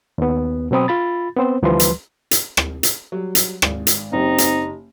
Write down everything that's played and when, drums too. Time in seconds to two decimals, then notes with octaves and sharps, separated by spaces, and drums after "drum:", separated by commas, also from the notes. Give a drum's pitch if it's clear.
0.18 D#2 B3
0.71 B2 F#3 C4 B5 D#6
0.88 F4 B5 A6
1.37 B3 C4 C5
1.62 D2 E3 F3 G3 B4 C6
1.80 drum: hi-hat
2.31 drum: hi-hat
2.57 drum: rim click
2.83 drum: hi-hat
3.12 F#3 G3
3.35 drum: hi-hat
3.62 G#1, drum: rim click
3.87 drum: hi-hat
4.12 F#1 C4 D#4 G4
4.38 drum: hi-hat